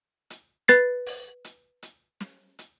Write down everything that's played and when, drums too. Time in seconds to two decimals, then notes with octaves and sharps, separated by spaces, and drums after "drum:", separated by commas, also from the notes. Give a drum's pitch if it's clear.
0.30 drum: hi-hat
0.68 B4 A6 C7
1.06 drum: open hi-hat
1.44 drum: hi-hat
1.83 drum: hi-hat
2.21 drum: snare
2.59 drum: hi-hat